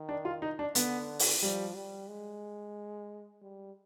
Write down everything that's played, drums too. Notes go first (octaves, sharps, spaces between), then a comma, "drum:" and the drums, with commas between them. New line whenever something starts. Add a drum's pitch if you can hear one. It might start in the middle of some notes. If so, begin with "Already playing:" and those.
Already playing: D#3
D4
F4
D#4
D4
D3 B3, drum: hi-hat
drum: open hi-hat
F3 G3
G3
G#3
G3